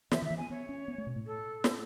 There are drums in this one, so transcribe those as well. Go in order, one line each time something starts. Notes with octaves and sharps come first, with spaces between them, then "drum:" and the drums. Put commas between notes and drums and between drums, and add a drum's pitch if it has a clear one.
E3 E5, drum: snare
D#3 E5
E3
B3 G#5
B3 C#5
C#4
B3
A3
B2
A2
A4
drum: snare